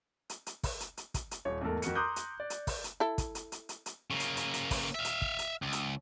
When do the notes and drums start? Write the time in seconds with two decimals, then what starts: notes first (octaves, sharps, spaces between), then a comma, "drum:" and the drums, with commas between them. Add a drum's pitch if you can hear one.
0.30 drum: hi-hat
0.46 drum: hi-hat
0.63 drum: kick, open hi-hat
0.80 drum: hi-hat
0.97 drum: hi-hat
1.14 drum: kick, hi-hat
1.31 drum: hi-hat
1.45 D#1 C#5
1.61 E2 G#2 A3 A4 A#4
1.82 F2 F#4 A#4 C#7, drum: hi-hat
1.95 A#5 C6 D6 D#6 F#6 G6
2.16 drum: hi-hat
2.40 D5
2.50 drum: hi-hat
2.67 drum: kick, open hi-hat
2.84 drum: hi-hat
3.00 E4 A4
3.18 drum: kick, hi-hat
3.35 drum: hi-hat
3.52 drum: hi-hat
3.69 drum: hi-hat
3.86 drum: hi-hat
4.11 C#3 A#3
4.20 drum: hi-hat
4.37 drum: hi-hat
4.54 drum: hi-hat
4.71 drum: kick, open hi-hat
4.95 E5 F5
5.05 drum: hi-hat
5.22 drum: kick
5.39 drum: hi-hat
5.62 C#2
5.72 drum: hi-hat